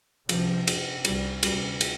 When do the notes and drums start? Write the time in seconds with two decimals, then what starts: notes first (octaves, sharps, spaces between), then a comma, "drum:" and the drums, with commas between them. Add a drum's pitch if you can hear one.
0.29 C2 C3 F3, drum: cymbal
0.67 F2 C3, drum: cymbal
1.05 C2 C3 G3, drum: cymbal
1.43 D2 C3 G3, drum: cymbal
1.81 drum: cymbal